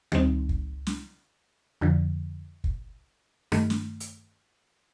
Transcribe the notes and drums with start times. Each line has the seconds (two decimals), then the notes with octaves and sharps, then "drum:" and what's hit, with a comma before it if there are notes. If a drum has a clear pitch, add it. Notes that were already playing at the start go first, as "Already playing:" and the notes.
0.12 D#3 G3 C4 D#4, drum: tom D2
0.49 drum: kick
0.87 drum: snare
1.81 F2 D3 F3
2.64 drum: kick
3.52 G2 D#3 A3, drum: rim click
3.70 drum: snare
4.00 drum: hi-hat